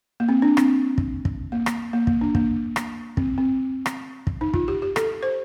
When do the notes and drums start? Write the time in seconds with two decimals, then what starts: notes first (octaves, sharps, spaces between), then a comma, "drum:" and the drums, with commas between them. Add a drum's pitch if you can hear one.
0.20 A#3
0.29 C4
0.42 D4
0.57 C4, drum: rim click
0.98 drum: kick
1.25 drum: kick
1.52 A#3
1.66 drum: rim click
1.93 A#3
2.07 A#3, drum: kick
2.21 D4
2.35 A#3, drum: kick
2.76 drum: rim click
3.17 C4, drum: kick
3.38 C4
3.86 drum: rim click
4.27 drum: kick
4.41 D#4
4.54 F4, drum: kick
4.68 G4
4.82 G4
4.96 A4, drum: rim click
5.23 C5